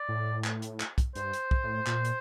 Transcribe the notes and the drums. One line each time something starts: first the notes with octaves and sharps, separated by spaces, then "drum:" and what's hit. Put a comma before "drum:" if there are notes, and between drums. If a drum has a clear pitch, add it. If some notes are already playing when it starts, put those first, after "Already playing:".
Already playing: D5
A2
drum: clap
drum: hi-hat
drum: clap
drum: kick B1, hi-hat
G2 C5, drum: hi-hat
drum: hi-hat
drum: kick B1
A2
A#2, drum: clap
drum: hi-hat